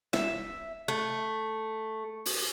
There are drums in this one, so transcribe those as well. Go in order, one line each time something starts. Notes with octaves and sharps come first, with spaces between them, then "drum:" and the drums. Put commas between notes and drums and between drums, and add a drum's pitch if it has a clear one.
E5, drum: snare
A3
drum: open hi-hat